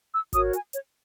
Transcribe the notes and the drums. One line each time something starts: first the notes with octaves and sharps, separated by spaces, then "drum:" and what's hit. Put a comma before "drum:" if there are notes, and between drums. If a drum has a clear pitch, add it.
E6
F#4 A#4 C#5 D#6, drum: kick G#1, hi-hat
G#5, drum: hi-hat
C#5, drum: hi-hat